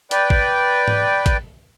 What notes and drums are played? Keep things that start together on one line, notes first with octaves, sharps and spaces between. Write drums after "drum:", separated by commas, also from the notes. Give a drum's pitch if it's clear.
B4 D5 G5, drum: hi-hat
drum: kick
drum: tom G#2
drum: kick, hi-hat